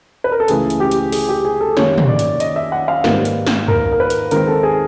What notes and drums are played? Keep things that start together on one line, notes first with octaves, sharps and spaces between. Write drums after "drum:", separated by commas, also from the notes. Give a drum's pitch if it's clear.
B4
A#4
A4
C#2 C#3 E3 A3 G#4, drum: hi-hat
drum: hi-hat
G4
drum: hi-hat
G#4, drum: open hi-hat
G4
G#4
A4
F#2 D#3 G3 A#3 C#5, drum: snare
drum: tom
D5
drum: hi-hat
D#5, drum: hi-hat
E5
F#5
F5
G#2 D#3 G3 A#3 B4, drum: snare
drum: hi-hat
drum: snare
A#4, drum: tom
A#4
B4
drum: hi-hat
D#2 D#3 G#3 C4 A#4, drum: hi-hat
A4
G#4